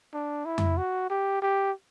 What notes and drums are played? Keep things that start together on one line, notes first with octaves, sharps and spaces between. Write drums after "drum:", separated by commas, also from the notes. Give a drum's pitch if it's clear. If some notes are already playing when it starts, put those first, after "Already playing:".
D4
E4
drum: tom F2
F#4
G4
G4